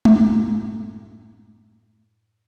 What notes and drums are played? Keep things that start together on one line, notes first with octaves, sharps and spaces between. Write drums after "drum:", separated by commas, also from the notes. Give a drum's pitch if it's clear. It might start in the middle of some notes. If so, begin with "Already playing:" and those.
F#2 A2 G3 A#3 D4 E4, drum: tom G#3